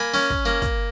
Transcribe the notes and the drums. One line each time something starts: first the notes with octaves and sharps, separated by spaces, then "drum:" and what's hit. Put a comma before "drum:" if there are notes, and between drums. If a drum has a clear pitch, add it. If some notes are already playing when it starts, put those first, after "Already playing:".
Already playing: A#3 G#5 B5
C#4, drum: open hi-hat
drum: kick
A#3, drum: hi-hat
drum: kick, hi-hat